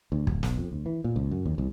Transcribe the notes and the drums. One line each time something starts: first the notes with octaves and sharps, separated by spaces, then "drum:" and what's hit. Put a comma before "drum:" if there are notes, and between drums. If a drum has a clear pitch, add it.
D2
D1, drum: kick
B1, drum: snare
F2
D2
E3
A#2
C#2
F#2
D#2
C2